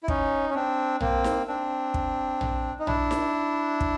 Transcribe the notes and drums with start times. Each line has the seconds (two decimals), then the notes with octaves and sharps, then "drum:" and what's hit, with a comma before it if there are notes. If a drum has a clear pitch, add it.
0.03 E4
0.08 C#4 D#4, drum: kick
0.50 C#4
0.54 C4 D4
1.00 A#3 C4, drum: tom
1.24 drum: snare D#4
1.48 C4 D4
1.94 drum: kick
2.41 drum: tom
2.79 D#4
2.87 D4 E4, drum: tom
3.11 drum: snare D#4
3.81 drum: kick